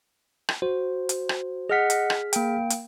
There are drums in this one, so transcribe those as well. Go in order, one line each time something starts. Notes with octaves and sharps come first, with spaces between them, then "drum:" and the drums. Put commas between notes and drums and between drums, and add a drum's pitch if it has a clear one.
drum: rim click
F#4 C5
drum: hi-hat
drum: rim click
G#4 D#5 F#5 F6 B6
drum: hi-hat
drum: rim click
A#3 G5, drum: hi-hat
drum: hi-hat